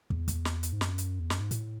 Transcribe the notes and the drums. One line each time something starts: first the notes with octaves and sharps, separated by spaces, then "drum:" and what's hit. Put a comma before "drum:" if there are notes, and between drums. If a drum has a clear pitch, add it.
E2, drum: kick
drum: kick, hi-hat
drum: snare
drum: hi-hat
G#2
F#2, drum: snare
drum: hi-hat
E2
F#2, drum: snare
G#2
A2, drum: hi-hat